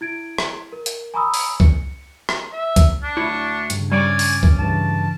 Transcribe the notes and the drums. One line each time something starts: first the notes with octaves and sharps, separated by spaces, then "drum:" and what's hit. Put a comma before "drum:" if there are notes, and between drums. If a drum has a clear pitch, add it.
E4 G#6 D7
drum: rim click
A#4
drum: hi-hat
G#5 A#5 B5 C#6 D#6 E6
drum: open hi-hat
C#7, drum: kick C#2
drum: rim click
E5
drum: kick C#2, hi-hat
D4
D2 E4 C#5
G2 C#3, drum: hi-hat
G3 C#4 C#5 D5 G#5
drum: open hi-hat
drum: kick C#2
G2 C#3 E3 A5